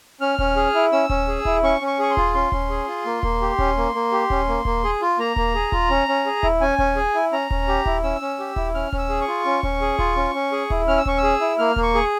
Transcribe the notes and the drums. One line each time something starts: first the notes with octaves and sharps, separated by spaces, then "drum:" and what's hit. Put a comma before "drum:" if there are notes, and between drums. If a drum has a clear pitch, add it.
C#4 F6
C#4, drum: kick D#1
G#4
E4
C#4 E6
C#4, drum: kick D#1
G#4
E4, drum: kick D#1
C#4 C#6
C#4
C#6
G#4 C#6
C6
F4, drum: kick D#1
C#4 C6
C#4, drum: kick D#1
G#4
F4
A#3
A#3, drum: kick D#1
G4
C#4, drum: kick D#1
A#3
A#3
G4
C#4, drum: kick D#1
A#3
A#3, drum: kick D#1
G#4
F4
A#3 A#5
A#3, drum: kick D#1
G#4
F4, drum: kick D#1
C#4
C#4
G#4
E4, drum: kick D#1
C#4 G#5
C#4, drum: kick D#1
G#4
E4
C#4 A#5
C#4, drum: kick D#1
G4
E4, drum: kick D#1
C#4 E6
C#4
G4
E4, drum: kick D#1
C#4 F6
C#4, drum: kick D#1
E6
G#4
C#6
F4
C#4
C#4, drum: kick D#1
G#4
F4, drum: kick D#1
C#4
C#4
G#4
E4, drum: kick D#1
C#4 F6
E6
C#4 C#6, drum: kick D#1
E6
G#4
E4
A#3 F6
A#3, drum: kick D#1
C#6
G#4